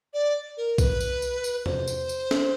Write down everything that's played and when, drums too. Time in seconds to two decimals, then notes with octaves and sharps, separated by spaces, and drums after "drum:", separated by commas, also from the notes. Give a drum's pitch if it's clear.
0.14 D5
0.57 A#4
0.78 B4, drum: kick B1, tambourine
1.00 drum: tambourine
1.22 drum: tambourine
1.44 drum: tambourine
1.66 C5, drum: tom E2
1.88 drum: tambourine
2.09 drum: tambourine
2.31 drum: snare